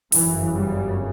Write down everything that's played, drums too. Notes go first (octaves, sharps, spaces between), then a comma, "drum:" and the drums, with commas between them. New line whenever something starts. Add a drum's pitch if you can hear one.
G1 F#2 C#3 E3, drum: open hi-hat
G3